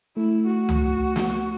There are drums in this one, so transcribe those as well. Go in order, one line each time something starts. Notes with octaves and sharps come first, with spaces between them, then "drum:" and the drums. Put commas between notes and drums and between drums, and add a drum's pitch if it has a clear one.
A3 E4
F#4
drum: tom C#2
drum: snare